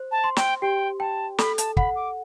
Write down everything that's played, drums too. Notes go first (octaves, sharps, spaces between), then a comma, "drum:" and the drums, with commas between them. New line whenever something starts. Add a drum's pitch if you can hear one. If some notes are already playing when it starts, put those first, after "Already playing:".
Already playing: C5
A5
C6
G5, drum: snare
G4 G5
G5 A5
A4 B5, drum: snare
A5, drum: hi-hat
F#5 B5, drum: kick
D6